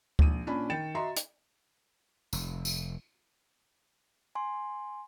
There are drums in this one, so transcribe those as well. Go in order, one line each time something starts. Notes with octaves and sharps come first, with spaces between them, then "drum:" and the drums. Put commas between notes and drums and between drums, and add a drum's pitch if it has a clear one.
A#1 D#7, drum: kick D2
A#2 C#4 D4 B5
D#3 G5 A6 C#7 E7
F#4 D#5 E5 A#5 C6
drum: hi-hat
F1, drum: tambourine
drum: tambourine
G#5 C6